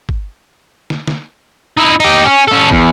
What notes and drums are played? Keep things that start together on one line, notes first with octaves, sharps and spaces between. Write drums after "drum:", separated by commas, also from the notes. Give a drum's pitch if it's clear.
drum: kick
drum: snare
drum: snare
D#4 E4
D#4 G4, drum: cymbal
C#4
C#4 A4
E2, drum: kick